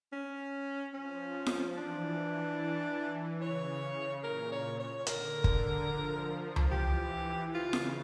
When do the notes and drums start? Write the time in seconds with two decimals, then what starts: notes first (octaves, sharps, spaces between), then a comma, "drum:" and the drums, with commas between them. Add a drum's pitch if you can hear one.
0.12 C#4
0.94 F3 C#4
1.46 drum: snare F4
1.77 E3 D4
3.42 C#3 C#5
3.83 C#3
4.23 A#2 A#4
4.52 C#5
4.80 C#5
5.07 D3 A#4, drum: hi-hat
5.44 drum: kick
5.89 F3
6.56 drum: tom C#2
6.71 E3 G4
7.54 C#3 F4
7.73 drum: snare F4